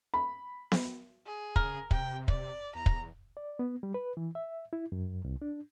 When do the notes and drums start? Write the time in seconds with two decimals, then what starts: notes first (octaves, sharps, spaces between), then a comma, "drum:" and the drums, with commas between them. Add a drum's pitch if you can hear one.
0.14 B5
0.72 drum: snare B3
1.26 G#4
1.56 C#3 A#4, drum: kick
1.91 C3 G5, drum: kick
2.28 D5, drum: kick
2.75 E2 A#5
2.86 drum: kick
3.37 D5
3.59 B3
3.83 G3
3.94 B4
4.17 E3
4.35 E5
4.73 E4
4.92 F#2
5.25 C2
5.42 D4